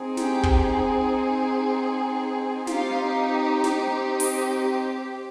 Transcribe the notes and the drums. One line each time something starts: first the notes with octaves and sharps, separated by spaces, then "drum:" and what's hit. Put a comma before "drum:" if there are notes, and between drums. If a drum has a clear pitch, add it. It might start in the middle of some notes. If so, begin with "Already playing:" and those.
Already playing: C4 D#4 G#4
G4 G5, drum: snare
drum: kick
C4 D#4 F4 G4 F5, drum: snare
drum: snare
D#4 D#5
drum: open hi-hat